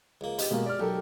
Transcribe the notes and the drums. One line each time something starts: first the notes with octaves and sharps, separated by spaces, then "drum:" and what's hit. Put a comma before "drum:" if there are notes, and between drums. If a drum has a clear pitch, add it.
C#2 A#3
B3 G4 D#5, drum: hi-hat
B2 G#3 A#3
D5 F6
B1 G4 A4 A#4